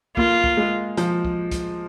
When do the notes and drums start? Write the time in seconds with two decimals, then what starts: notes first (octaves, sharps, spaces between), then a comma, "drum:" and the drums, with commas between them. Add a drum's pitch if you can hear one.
0.17 A#3 F4, drum: kick C2
0.44 drum: kick C2
0.57 G#3
0.97 F3, drum: hi-hat
1.25 drum: kick C2
1.51 drum: kick C2, hi-hat